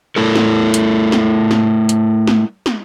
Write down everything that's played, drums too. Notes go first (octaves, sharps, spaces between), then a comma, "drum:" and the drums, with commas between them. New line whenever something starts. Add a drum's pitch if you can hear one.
A3 E4 A4 A#4
drum: snare
drum: hi-hat
drum: snare
drum: snare
drum: hi-hat
drum: snare
drum: snare